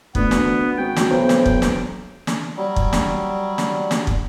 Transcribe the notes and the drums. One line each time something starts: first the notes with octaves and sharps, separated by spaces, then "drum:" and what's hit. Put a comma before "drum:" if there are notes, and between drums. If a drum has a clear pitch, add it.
D2 B3, drum: kick
drum: snare
G#1 F#4 G5
drum: snare
B1 C5
drum: snare
drum: kick
drum: snare
drum: snare
F#3 G3
drum: kick
drum: snare
drum: snare
drum: snare
drum: kick